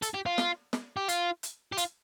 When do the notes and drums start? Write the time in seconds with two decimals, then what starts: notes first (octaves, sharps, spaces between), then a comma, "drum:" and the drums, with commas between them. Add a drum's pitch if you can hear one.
0.02 A4, drum: hi-hat
0.14 G4
0.26 F4
0.38 drum: snare
0.73 drum: snare
0.97 G4
1.09 F4, drum: hi-hat
1.43 drum: hi-hat
1.72 G4
1.78 F4, drum: hi-hat